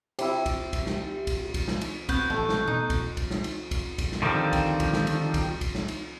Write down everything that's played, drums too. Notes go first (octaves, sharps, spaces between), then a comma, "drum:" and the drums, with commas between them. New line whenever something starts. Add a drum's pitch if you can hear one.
C3 E4 G4 E5, drum: cymbal
drum: kick C2, cymbal
drum: kick C2, cymbal
drum: snare
drum: kick C2, cymbal
drum: kick C2, cymbal
drum: snare
drum: cymbal
B3 C4 C#6 F#6 G6, drum: kick C2, cymbal
A1 A3
drum: snare
B2 D#4
drum: kick C2, cymbal
drum: kick C2, cymbal
drum: snare
drum: cymbal
drum: kick C2, cymbal
drum: kick C2, cymbal
drum: snare
D3 D#3 F3 G3 C4
drum: kick C2, cymbal
drum: kick C2, cymbal
drum: snare
drum: cymbal
drum: kick C2, cymbal
drum: kick C2, cymbal
drum: snare
drum: cymbal